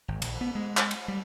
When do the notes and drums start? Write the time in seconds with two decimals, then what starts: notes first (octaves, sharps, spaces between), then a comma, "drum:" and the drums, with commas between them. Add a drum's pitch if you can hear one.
0.08 G#1
0.22 A#1, drum: cymbal
0.41 B3
0.55 G#3
0.77 drum: clap
0.91 drum: cymbal
1.08 G3